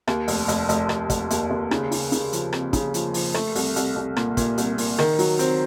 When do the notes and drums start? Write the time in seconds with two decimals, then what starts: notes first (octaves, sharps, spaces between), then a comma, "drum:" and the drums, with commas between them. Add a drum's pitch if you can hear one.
0.08 D#2, drum: rim click
0.28 F1, drum: open hi-hat
0.48 F1, drum: hi-hat
0.69 F1, drum: hi-hat
0.89 F1, drum: rim click
1.10 F1, drum: kick, hi-hat
1.30 D#2, drum: hi-hat
1.50 D#2
1.71 C#3, drum: rim click
1.92 C#3, drum: open hi-hat
2.12 C#3, drum: hi-hat
2.33 F3, drum: hi-hat
2.53 F2, drum: rim click
2.73 C#3, drum: kick, hi-hat
2.94 F3, drum: hi-hat
3.14 F3, drum: open hi-hat
3.34 A3, drum: rim click
3.55 C2, drum: open hi-hat
3.76 C2, drum: hi-hat
3.96 C2
4.16 A#2, drum: rim click
4.37 A#2, drum: kick, hi-hat
4.58 C2, drum: hi-hat
4.78 A#2, drum: open hi-hat
4.99 D#3, drum: rim click
5.19 F#3, drum: open hi-hat
5.39 C4, drum: hi-hat